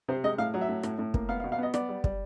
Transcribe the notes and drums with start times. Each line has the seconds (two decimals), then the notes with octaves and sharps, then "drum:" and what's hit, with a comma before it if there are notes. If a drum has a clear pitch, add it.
0.08 C3 C5
0.24 G#3 D#5
0.38 A2 F5
0.54 F#3
0.61 E5
0.69 A2
0.83 A2, drum: rim click
0.98 A2
1.14 A#3, drum: kick
1.29 B3 F5
1.40 F5
1.44 B2
1.52 F5
1.58 B3 D#5
1.74 B3 D5, drum: rim click
1.89 G3
2.04 G3, drum: kick